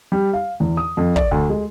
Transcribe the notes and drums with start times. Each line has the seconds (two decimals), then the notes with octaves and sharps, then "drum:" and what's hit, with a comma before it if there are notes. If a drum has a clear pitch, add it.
0.12 G3
0.33 F5
0.60 E2
0.77 D#6
0.97 F2
1.16 D5, drum: kick
1.31 D2
1.50 G#3